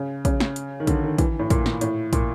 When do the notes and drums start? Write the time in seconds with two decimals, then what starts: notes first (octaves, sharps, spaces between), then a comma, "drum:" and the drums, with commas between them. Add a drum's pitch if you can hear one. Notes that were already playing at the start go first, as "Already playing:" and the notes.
Already playing: C#3
0.25 C#3, drum: kick, hi-hat
0.40 drum: snare
0.56 drum: hi-hat
0.80 D#3
0.87 D3, drum: kick, hi-hat
1.04 D#3
1.18 E3, drum: kick, hi-hat
1.39 A2
1.50 A#2, drum: kick, hi-hat
1.66 drum: snare
1.81 A2, drum: hi-hat
2.13 A#2, drum: kick, hi-hat